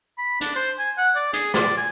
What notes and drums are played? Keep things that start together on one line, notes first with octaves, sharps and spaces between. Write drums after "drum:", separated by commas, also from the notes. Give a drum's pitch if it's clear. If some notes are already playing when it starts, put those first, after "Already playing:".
B5
D4, drum: hi-hat
C5
G#5
F#5
D5
G#4, drum: hi-hat
D5, drum: rim click
G#5